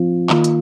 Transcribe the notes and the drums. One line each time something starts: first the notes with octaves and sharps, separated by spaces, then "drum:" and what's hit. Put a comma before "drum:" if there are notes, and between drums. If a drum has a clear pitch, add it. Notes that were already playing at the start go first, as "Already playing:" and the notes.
Already playing: F3 C4 F4
D#3 A#3 F4, drum: clap
drum: hi-hat